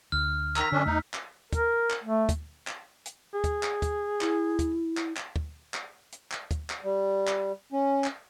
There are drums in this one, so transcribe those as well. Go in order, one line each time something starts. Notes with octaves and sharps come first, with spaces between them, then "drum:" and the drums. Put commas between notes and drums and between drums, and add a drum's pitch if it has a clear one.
D2 F6
D#3 A#5 E6 B6, drum: clap
F#2 D3 C#4 D4
E2 A3 D#4
drum: clap
A#4, drum: kick, hi-hat
drum: clap
A3
drum: kick, hi-hat
drum: clap
drum: hi-hat
G#4
drum: kick, hi-hat
drum: clap
drum: kick, hi-hat
E4, drum: clap
drum: kick, hi-hat
drum: clap
drum: clap
drum: kick
drum: clap
drum: hi-hat
drum: clap
drum: kick, hi-hat
drum: clap
G3
drum: clap
C#4
drum: clap